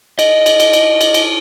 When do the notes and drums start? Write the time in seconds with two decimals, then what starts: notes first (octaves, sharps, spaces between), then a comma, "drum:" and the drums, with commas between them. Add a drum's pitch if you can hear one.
0.19 D#5, drum: cymbal
0.46 drum: cymbal
0.60 drum: cymbal
0.73 drum: cymbal
1.01 drum: cymbal
1.14 drum: cymbal